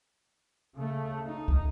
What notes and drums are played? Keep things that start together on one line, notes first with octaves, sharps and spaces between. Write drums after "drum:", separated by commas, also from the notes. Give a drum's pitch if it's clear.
C#3 A3
D#4
drum: kick C#2